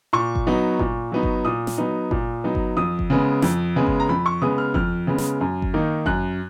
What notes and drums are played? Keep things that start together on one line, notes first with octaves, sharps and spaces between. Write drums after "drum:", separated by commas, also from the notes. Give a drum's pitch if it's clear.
A#2 C#6
drum: kick G1
F#3 B3 D#4
A#2, drum: kick G1
F#3 B3 D#4
drum: kick G1
A#2 D#6
drum: snare
F#3 B3 D#4
A#2, drum: kick G1
F#3 B3 D#4
drum: kick G1
F2 D#6
drum: kick G1
C#3 G#3 B3
F2, drum: snare
C#3 G#3 B3
drum: kick G1
A#5
F2 B5
C#6
C#3 G#3 B3 D#6
F6
F2 F6, drum: kick G1
C#3 G#3 B3
drum: snare
F#2
drum: kick G1
D#3 A#3 D#4
F#2 F#6, drum: kick G1